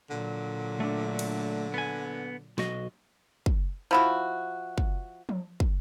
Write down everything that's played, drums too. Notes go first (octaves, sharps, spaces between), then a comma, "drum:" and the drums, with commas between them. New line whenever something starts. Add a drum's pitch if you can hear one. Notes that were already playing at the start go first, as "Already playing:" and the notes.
A#2 D3 F#3
A3 D4
drum: cymbal
B3 G#5
B1 F#4 D#5, drum: snare
drum: kick
F3 E4 F#4
drum: kick
drum: tom F3
drum: kick